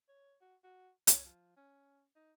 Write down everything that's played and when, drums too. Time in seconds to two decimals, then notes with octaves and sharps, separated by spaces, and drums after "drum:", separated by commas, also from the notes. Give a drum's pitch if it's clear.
0.08 C#5
0.41 F#4
0.64 F#4
1.07 C#5, drum: hi-hat
1.25 F3
1.56 C#4
2.15 D#4